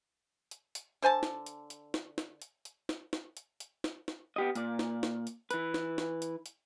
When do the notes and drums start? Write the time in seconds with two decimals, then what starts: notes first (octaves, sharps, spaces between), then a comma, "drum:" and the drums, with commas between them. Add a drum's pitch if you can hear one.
0.51 drum: hi-hat
0.75 drum: hi-hat
1.02 D3 C5 G#5 A5
1.23 drum: snare
1.46 drum: hi-hat
1.70 drum: hi-hat
1.94 drum: snare
2.18 drum: snare
2.42 drum: hi-hat
2.65 drum: hi-hat
2.89 drum: snare
3.13 drum: snare
3.37 drum: hi-hat
3.60 drum: hi-hat
3.84 drum: snare
4.08 drum: snare
4.36 B3 G4 D#5
4.55 A#2 D5, drum: hi-hat
4.79 drum: snare
5.03 drum: snare
5.27 drum: hi-hat
5.51 E3 B4, drum: hi-hat
5.74 drum: snare
5.98 drum: snare
6.22 drum: hi-hat
6.46 drum: hi-hat